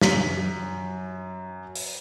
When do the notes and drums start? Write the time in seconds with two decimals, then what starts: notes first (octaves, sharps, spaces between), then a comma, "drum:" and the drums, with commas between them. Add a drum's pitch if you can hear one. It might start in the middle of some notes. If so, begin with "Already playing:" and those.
0.01 F#2 B6, drum: snare
1.75 drum: open hi-hat